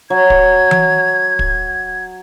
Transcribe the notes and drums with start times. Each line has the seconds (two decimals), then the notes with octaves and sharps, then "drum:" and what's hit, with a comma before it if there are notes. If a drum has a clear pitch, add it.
0.10 F#3 G#6
0.30 drum: kick
0.71 drum: tom E3
1.39 drum: kick